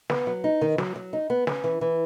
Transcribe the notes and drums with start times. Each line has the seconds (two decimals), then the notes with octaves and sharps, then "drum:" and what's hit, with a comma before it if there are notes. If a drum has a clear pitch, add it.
0.10 B3, drum: snare
0.27 F#3
0.44 D#4
0.61 D#3
0.78 F#3, drum: snare
0.96 F#3
1.13 D#4
1.30 B3
1.47 C#4, drum: snare
1.64 E3
1.81 E3